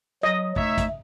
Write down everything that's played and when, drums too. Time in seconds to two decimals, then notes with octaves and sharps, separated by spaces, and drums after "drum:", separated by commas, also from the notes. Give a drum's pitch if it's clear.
0.23 F#3 D#5
0.56 A3 D#4 C#5 E5, drum: kick
0.78 drum: kick, hi-hat